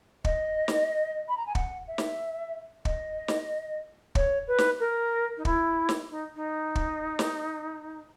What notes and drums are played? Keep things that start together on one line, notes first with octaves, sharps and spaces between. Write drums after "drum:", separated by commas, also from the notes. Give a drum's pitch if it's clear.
D#5, drum: kick
drum: snare
B5
A#5
G#5
F#5, drum: kick
E5
drum: snare
D#5, drum: kick
drum: snare
C#5, drum: kick
B4
drum: snare
A#4
D#4
E4, drum: kick
drum: snare
D#4
D#4
drum: kick
drum: snare